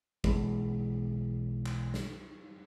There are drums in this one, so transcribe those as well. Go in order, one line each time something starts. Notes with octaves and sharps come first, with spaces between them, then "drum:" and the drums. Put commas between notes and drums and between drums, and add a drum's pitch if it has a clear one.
B1 B2 E3 G#3, drum: kick
drum: clap
drum: snare